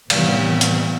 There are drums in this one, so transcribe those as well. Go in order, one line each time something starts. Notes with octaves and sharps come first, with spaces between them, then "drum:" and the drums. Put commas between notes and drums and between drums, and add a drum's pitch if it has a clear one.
A2 C3 D#3 E3 G3 B3, drum: cymbal
drum: hi-hat